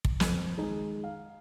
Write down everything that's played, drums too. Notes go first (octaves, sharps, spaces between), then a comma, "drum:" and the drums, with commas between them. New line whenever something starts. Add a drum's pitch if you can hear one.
drum: kick
F2, drum: snare
D#3 G#3 D#4 G#4
F5